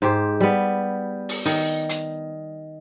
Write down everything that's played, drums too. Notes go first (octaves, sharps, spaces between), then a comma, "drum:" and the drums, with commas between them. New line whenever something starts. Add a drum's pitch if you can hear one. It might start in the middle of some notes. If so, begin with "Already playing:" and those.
G#2 G4 C5
G3 B3
drum: open hi-hat
D#3, drum: open hi-hat
drum: hi-hat